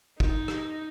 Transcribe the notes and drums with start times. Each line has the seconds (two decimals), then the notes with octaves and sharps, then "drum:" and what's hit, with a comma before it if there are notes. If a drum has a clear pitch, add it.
0.20 D#4, drum: kick
0.48 drum: rim click